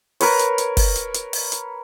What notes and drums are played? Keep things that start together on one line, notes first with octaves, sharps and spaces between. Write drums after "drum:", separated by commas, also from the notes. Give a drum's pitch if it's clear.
A#4 B4 C#5, drum: open hi-hat
drum: hi-hat
drum: hi-hat
drum: kick, open hi-hat
drum: hi-hat
drum: hi-hat
drum: open hi-hat
drum: hi-hat